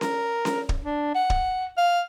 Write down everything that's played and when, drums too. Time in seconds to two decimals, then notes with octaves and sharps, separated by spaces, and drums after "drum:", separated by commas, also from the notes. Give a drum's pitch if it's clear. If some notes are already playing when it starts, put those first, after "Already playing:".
0.01 A#4, drum: snare C#4
0.45 drum: snare C#4
0.69 drum: kick
0.84 D4
1.15 F#5
1.30 drum: kick
1.78 F5